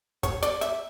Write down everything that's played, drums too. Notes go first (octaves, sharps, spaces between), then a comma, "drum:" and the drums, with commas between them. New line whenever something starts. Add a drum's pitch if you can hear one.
C#5, drum: kick, hi-hat
D5, drum: hi-hat
E5, drum: hi-hat